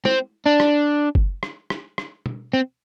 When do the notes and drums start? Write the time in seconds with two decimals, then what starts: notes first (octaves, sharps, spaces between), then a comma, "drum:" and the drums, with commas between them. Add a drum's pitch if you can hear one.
0.05 C4, drum: tom
0.46 D4
0.60 drum: rim click
1.15 drum: kick
1.43 drum: rim click
1.70 drum: rim click
1.98 drum: rim click
2.26 drum: tom B2
2.54 C4